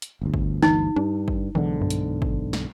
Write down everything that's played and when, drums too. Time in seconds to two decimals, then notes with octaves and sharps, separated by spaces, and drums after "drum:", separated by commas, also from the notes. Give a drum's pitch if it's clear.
0.02 drum: hi-hat
0.21 G1 D2
0.34 drum: kick
0.63 E3 D#4, drum: snare
0.96 G2 D4
1.28 drum: kick
1.55 B1 G#2 D3 E3
1.81 G2
1.90 drum: hi-hat
2.22 drum: kick
2.53 drum: snare